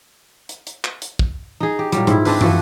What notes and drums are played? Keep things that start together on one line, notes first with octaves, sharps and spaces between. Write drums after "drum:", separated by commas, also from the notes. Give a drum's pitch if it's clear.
drum: hi-hat
drum: hi-hat
drum: clap
drum: hi-hat
drum: kick
D#4 G#4
G4
A#2 F#3 G3, drum: hi-hat
G#2 E4, drum: hi-hat
G#3 C4 D4 B4, drum: open hi-hat
E3 F3 F#4 A4, drum: tom